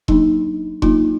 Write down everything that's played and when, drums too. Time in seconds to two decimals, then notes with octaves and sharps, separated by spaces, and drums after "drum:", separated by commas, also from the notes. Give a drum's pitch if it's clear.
0.08 F#3 A#3 D4 D#4, drum: kick E1
0.82 F#3 A#3 D4 D#4 F4, drum: kick E1